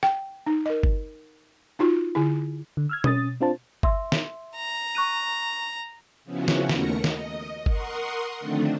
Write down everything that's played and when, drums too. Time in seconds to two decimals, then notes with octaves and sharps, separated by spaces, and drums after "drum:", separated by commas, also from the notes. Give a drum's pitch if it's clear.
0.03 G5, drum: rim click
0.47 D#4
0.66 A#4 D#5
0.83 drum: kick G1
1.79 D#4 F4 F#4
2.15 D3 E4
2.77 D3
2.89 E6 F6 G#6
3.04 C#4 D#6 A6, drum: tom B2
3.41 C4 D4 F4 C5 A5
3.83 E5 C6 E6, drum: kick G1
4.12 drum: snare
4.56 A#5
4.95 C#6 F#6 D#7
6.24 C#3 F3 B3 C#4 E4 F#4
6.48 drum: snare
6.69 D#2 D#3 A3 A#4 A#6 C#7, drum: snare
7.04 D#5, drum: snare
7.66 A#4 F#5 C6 C#6 D#6, drum: kick G1
8.40 D3 D#3 F3 A3 C4 D4